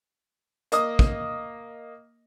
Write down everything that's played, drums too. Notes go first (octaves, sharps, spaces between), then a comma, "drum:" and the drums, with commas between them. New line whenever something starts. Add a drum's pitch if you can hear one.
A#3 D#5 D#6, drum: hi-hat
drum: kick